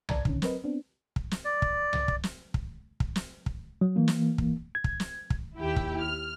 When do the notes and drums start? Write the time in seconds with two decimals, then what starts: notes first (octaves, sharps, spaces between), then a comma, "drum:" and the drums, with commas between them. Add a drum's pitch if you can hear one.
0.09 A#1 D5 A5 A#5 G#6, drum: tom C2
0.25 B2 D3 D#3 C#4, drum: kick
0.42 F#3 C4 A#4 B4 D#5, drum: snare
0.64 B3 C4 D4
1.16 drum: kick
1.31 drum: snare
1.45 D5
1.62 drum: kick
1.93 drum: tom C2
2.08 drum: kick
2.23 drum: snare
2.54 drum: kick
3.00 drum: kick
3.16 drum: snare
3.46 drum: kick
3.81 F#3
3.96 E3 A#3
4.08 drum: snare
4.38 drum: kick
4.75 G#6
4.84 drum: kick
5.00 drum: snare
5.30 drum: kick
5.58 D#2 E4 G4 G5
5.76 drum: kick
5.99 F6